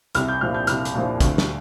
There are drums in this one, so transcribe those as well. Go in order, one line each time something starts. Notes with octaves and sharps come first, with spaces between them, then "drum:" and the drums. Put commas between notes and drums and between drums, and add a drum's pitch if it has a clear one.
C2 F6, drum: hi-hat
G6
A#2 F3 F6
G6
C2 F6, drum: hi-hat
drum: hi-hat
A#2 F3
D2, drum: kick, hi-hat
drum: snare